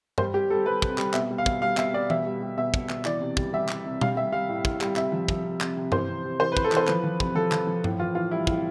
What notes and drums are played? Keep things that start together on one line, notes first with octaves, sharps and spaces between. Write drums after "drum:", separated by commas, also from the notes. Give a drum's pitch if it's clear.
G3 C5, drum: tom G2
G3 G4
G3 A4
G3 B4
C3, drum: kick
G3, drum: clap
B2 E5, drum: clap
G3
F5
B2, drum: kick
G3 F5
B2 E5, drum: clap
G3 D5
B2 E5, drum: tom E3
G3
G3
B2 E5
B2, drum: kick
B2, drum: clap
E3 D5, drum: clap
C3
G3, drum: kick
G3 E5
C3, drum: clap
C3
G3 F5, drum: tom B2
G3 E5
G3 F5
A2
A2, drum: kick
G3, drum: clap
C3 E5, drum: clap
F3
F3, drum: kick
C3
C3, drum: clap
C3
E3 C5, drum: tom G2
C3
C3
E3 C5
B4
E3, drum: kick
A4
E3 C5, drum: clap
F3 B4, drum: clap
F3
C3, drum: kick
F3 A4
F3, drum: clap
F3
A2, drum: tom G2
E3 F4
E3 F4
G3 E4
A2, drum: kick